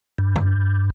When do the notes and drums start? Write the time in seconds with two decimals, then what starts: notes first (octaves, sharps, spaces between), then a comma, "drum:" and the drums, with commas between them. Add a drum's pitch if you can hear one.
0.18 G2
0.36 drum: tom F#2